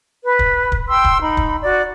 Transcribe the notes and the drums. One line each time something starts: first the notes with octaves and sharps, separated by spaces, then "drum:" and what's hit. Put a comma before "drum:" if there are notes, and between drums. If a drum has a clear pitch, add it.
B4
drum: kick
drum: kick
G5 C6 E6
drum: kick
D#4 B5
drum: kick
F#4 D5